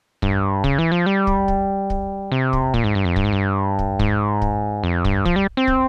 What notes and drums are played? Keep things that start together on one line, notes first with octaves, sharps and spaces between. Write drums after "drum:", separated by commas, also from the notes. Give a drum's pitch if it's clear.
G2, drum: kick
C#3, drum: kick
E3
F3
G3
drum: kick
drum: kick
drum: kick
C3
drum: kick
A#2, drum: kick
G#2
G2
F2
G2, drum: kick
G#2
G2
drum: kick
G#2, drum: kick
drum: kick
F2
G2, drum: kick
F3, drum: kick
G3
C4
drum: kick